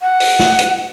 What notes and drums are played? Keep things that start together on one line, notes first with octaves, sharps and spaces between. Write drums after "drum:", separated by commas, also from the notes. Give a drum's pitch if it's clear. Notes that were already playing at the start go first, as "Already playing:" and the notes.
F#5
drum: open hi-hat
drum: snare
drum: hi-hat